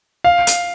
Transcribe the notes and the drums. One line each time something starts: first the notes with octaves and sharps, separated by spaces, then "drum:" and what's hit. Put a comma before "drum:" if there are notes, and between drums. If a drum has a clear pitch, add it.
F5
drum: hi-hat